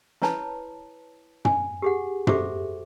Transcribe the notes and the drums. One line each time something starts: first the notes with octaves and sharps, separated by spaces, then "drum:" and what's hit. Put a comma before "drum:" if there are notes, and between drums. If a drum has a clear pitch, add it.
E4 B4 C#5 A5 B5, drum: snare
G#5, drum: tom
G4 G#4 F#5
F#4 G4 A4 C5 E5 D6, drum: tom